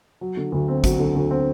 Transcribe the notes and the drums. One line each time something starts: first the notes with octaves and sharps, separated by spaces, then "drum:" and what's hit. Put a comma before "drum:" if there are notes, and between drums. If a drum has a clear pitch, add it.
F#3
D3
D2
C4
F#3, drum: kick, hi-hat
D3
D2
C4